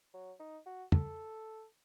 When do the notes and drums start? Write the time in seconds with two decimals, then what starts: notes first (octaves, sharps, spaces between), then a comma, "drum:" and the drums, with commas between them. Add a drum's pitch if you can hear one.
0.14 F#3
0.40 D#4
0.66 F#4
0.92 A4, drum: tom